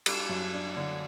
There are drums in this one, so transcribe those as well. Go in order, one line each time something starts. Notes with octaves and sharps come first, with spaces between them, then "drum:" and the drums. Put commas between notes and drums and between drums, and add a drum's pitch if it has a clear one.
G3, drum: cymbal
F#2
D4
D3